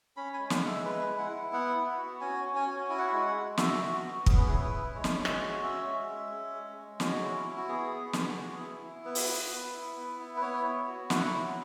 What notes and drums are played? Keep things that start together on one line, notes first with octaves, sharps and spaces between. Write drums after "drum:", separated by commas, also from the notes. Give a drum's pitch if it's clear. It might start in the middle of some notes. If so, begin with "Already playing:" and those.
C#4 B5
G#5
G#3
F#5, drum: snare
G#3
E5
G#3 B4
E4
F#5
E4
B3 F#5
B3
F#4
C#4 G#5
C#4
G#5
F#4
E4 G#5
F#5
E5
G#3 F#5
G#3
F#4 E5, drum: snare
F#4
F#4
B3
C#4 G#4, drum: kick
B4
E4 G#4
B4
E4
G#3 C#5
drum: snare
G#3
E5, drum: rim click
C#5
F#4
C#4 E5
G#3
G#3
C#4
G#3
G#3
C#4 F#4, drum: snare
E4
E4
F#4
B3 G#4
B3
F#4, drum: snare
B3
E4
E4
B3 B4
drum: open hi-hat
B3
B3
E4
B3
E4
B4
B3 C#5
B3
F#4
E4 F#5, drum: snare
F#3